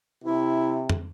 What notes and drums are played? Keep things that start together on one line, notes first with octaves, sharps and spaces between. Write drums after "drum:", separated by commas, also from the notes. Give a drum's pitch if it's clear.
C3 E4
drum: tom